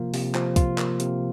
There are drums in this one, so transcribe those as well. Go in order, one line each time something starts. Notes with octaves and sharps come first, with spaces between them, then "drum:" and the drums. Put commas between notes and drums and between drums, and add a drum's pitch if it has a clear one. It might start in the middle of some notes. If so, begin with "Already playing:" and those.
Already playing: C3 F3 A#3 F4
C3, drum: open hi-hat
F3, drum: clap
F4, drum: kick C2, hi-hat
A#3, drum: clap
C3, drum: hi-hat